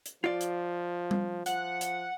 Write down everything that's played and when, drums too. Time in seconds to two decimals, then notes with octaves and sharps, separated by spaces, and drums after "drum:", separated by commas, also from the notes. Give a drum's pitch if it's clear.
0.06 drum: hi-hat
0.24 F3 F4 D5
0.41 drum: hi-hat
1.11 drum: tom G3
1.46 F3 F#5, drum: hi-hat
1.81 drum: hi-hat